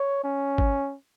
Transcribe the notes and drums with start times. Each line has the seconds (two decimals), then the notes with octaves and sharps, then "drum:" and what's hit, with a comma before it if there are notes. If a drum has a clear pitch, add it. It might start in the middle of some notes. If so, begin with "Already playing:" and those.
Already playing: C#5
0.24 C#4
0.58 drum: kick G#1